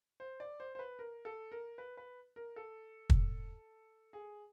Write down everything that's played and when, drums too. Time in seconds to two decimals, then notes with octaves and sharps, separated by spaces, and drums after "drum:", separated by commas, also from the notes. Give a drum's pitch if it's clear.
0.20 C5
0.40 D5
0.60 C5
0.75 C5
0.79 B4
0.99 A#4
1.25 A4
1.52 A#4
1.78 B4
1.97 B4
2.36 A#4
2.56 A4
3.10 drum: kick
4.13 G#4